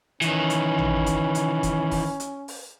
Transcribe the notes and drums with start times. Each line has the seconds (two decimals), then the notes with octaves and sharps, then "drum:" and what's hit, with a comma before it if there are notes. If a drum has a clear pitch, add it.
0.21 D#3 E3 C#4, drum: hi-hat
0.50 drum: hi-hat
0.78 drum: tom
1.06 drum: kick F1, hi-hat
1.35 drum: hi-hat
1.63 drum: kick F1, hi-hat
1.91 drum: kick F1, open hi-hat
2.20 drum: hi-hat
2.48 drum: open hi-hat